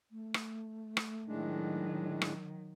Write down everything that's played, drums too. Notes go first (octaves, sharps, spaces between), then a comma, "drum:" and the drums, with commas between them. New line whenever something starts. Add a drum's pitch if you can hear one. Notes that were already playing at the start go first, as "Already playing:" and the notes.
A3
drum: rim click
drum: rim click
A2 D#3 F#3 G#3 D4
drum: rim click